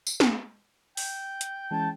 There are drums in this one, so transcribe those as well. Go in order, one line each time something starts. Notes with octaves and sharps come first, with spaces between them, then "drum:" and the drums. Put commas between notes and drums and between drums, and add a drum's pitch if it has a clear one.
drum: tambourine
drum: snare
G5, drum: open hi-hat
drum: hi-hat
E3 G#3 C#4 A5